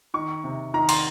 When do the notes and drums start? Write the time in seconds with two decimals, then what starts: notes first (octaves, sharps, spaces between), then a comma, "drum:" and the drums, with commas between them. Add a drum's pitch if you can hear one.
0.14 D#3 C#6
0.44 C3
0.74 D#3 A#5
0.89 C6, drum: cymbal